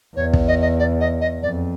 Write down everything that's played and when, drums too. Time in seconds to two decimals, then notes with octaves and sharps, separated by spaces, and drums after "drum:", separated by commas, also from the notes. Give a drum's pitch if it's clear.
0.16 E2 C#5
0.33 drum: kick
0.48 D#5
0.61 D#5
0.79 D5
1.00 D#5
1.21 D#5
1.42 F2 D5